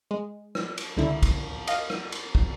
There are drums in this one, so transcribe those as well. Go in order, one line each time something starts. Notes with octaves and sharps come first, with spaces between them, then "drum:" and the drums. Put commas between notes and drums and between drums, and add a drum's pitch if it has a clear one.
G#3
drum: rim click
drum: cymbal
C#2 D3 E4
drum: kick, cymbal
D#5 F5, drum: cymbal
drum: rim click
drum: cymbal
drum: kick